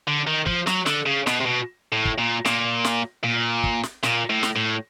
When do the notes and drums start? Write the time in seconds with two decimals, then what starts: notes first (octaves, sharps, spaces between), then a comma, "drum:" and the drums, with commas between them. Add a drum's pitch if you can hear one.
0.07 D3
0.27 D#3
0.47 F3, drum: kick
0.67 F#3, drum: snare
0.86 D3, drum: snare
1.06 C#3
1.27 B2, drum: snare
1.40 C3
1.46 B2
1.93 A2
2.05 drum: kick
2.19 A#2
2.45 A#2, drum: snare
2.85 drum: snare
3.24 A#2
3.64 drum: kick
3.83 drum: snare
4.03 A#2, drum: snare
4.29 A2
4.43 drum: snare
4.56 A2